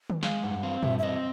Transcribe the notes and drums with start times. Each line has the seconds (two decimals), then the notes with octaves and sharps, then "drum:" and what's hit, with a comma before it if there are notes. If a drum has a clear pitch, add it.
0.10 drum: tom D#3
0.23 G#3 F5, drum: snare
0.43 G2 F#5
0.63 C4 F5
0.83 G2 E5, drum: tom A#2
0.98 E5
1.03 C4 D#5